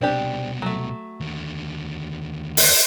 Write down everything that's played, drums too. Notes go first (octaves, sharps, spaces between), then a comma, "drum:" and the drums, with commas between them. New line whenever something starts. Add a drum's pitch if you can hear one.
C2 B2 C4 D4 G4
F#3 A3
D#2 D3
drum: open hi-hat